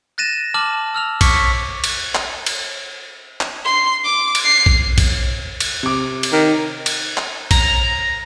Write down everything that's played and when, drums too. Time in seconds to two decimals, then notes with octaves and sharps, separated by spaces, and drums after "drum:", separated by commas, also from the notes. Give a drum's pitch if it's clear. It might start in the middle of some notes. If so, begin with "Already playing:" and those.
0.18 F#6 A6 A#6 D#7 E7
0.54 A5 D6 F6 F#7
0.94 E6 F6 F7
1.21 C#6 D6 F6 B6 C#7, drum: kick A#1, cymbal
1.84 drum: cymbal
2.15 drum: clap
2.46 drum: cymbal
3.41 drum: clap
3.65 C6
4.05 D6
4.35 drum: cymbal
4.44 C7
4.66 drum: kick A#1
4.98 drum: kick A#1, cymbal
5.60 drum: cymbal
5.83 C3 D6
6.23 drum: cymbal
6.33 D#3
6.86 drum: cymbal
7.17 drum: clap
7.51 A#5, drum: kick A#1, cymbal